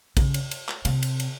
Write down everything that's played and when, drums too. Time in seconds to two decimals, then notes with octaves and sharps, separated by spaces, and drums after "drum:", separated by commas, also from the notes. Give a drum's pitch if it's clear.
0.17 C#3, drum: kick A#1, cymbal
0.34 drum: cymbal
0.51 drum: cymbal
0.68 drum: clap
0.85 C3, drum: cymbal
1.03 drum: cymbal
1.20 drum: cymbal